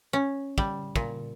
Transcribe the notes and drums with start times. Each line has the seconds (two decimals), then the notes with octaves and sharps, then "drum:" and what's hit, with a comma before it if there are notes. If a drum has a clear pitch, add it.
0.13 C#4
0.58 G3, drum: kick
0.96 A#2, drum: kick